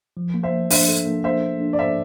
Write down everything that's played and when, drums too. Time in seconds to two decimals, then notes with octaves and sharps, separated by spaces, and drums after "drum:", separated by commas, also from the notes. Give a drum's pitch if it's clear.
0.17 F3
0.34 A#3
0.43 C5 E5
0.52 A#3
0.70 D4 C5 E5, drum: open hi-hat
0.88 A4
1.06 A#3
1.24 A#3 C5 E5
1.42 A#3
1.60 D4
1.73 D5
1.78 A4 C5 E5